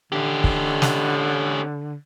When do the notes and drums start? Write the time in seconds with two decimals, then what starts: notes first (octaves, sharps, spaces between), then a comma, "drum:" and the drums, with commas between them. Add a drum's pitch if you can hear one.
0.12 D3 C#4 G4
0.44 drum: kick
0.82 drum: snare